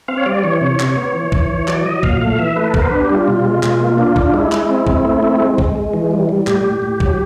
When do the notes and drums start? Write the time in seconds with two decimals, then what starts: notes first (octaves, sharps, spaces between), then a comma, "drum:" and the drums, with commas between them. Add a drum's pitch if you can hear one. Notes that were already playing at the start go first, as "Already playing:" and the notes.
0.08 C4 F5
0.17 C#5
0.26 G3 D5
0.44 E3 C#5
0.61 C3 C#5
0.80 C3, drum: clap
0.97 B3
1.14 E3
1.32 E3, drum: kick
1.50 E3
1.68 F#3 D5, drum: clap
1.85 F#3 D#5
2.03 A#2 F5, drum: kick
2.21 A3 F5
2.39 E3 E5
2.56 A3 B4
2.67 A4
2.74 B3 A#4, drum: kick
2.82 C5
2.88 D4 B4
3.01 G4
3.10 G3 F4
3.28 B2
3.46 G#3
3.63 B2, drum: clap
3.81 A#3
3.98 D4
4.16 D4, drum: kick
4.26 F4
4.34 G#3 E4
4.52 G#3, drum: clap
4.69 C4
4.87 C4, drum: kick
5.05 A3
5.23 C4
5.40 G#3
5.58 G#3, drum: kick
5.76 G#3
5.94 E3
6.11 G3
6.29 G3
6.47 A2 G4, drum: clap
6.65 A2
6.82 A2
7.00 F#3, drum: kick